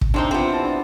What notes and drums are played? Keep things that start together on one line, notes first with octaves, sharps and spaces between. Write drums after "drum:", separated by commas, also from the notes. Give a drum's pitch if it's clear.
drum: kick
C3 C4 D4 D#4 C5
B3 C4 F4 G4 E5
E4 A5
D4